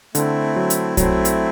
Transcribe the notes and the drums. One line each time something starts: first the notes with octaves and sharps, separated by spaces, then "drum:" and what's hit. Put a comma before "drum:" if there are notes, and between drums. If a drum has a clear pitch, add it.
D3 A3 C4 E4, drum: hi-hat
F#3
drum: hi-hat
F#3 A3 C4 E4, drum: kick, hi-hat
drum: hi-hat